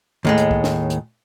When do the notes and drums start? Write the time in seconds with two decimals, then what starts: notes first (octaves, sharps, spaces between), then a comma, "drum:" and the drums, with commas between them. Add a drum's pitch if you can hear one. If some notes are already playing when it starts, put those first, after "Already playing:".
0.25 D#2 A2 G#3
0.38 drum: hi-hat
0.51 drum: kick
0.64 drum: snare
0.90 drum: hi-hat